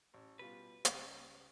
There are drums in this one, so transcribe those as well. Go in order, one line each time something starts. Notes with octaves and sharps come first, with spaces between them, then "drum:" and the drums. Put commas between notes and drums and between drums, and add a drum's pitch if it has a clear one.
A1
B2 G3 F4 B4
C#2 G3 F#5, drum: hi-hat